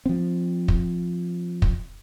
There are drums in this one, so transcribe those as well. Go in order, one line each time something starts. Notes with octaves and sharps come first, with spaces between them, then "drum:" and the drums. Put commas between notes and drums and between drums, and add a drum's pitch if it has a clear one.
F3 C4
drum: kick
drum: kick